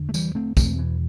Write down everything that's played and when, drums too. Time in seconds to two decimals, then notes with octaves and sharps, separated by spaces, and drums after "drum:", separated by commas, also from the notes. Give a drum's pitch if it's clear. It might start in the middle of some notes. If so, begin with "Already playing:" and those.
Already playing: E2 D3
0.09 A3
0.14 E3 G3, drum: tambourine
0.35 A3 C4
0.57 E2 B2 A3 C4, drum: kick, tambourine
0.79 E3